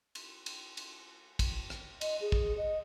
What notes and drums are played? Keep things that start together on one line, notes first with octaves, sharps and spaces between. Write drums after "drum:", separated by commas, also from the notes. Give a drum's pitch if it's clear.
drum: cymbal
drum: cymbal
drum: cymbal
drum: kick, cymbal
drum: rim click
D#5, drum: cymbal
G#4
drum: kick
D#5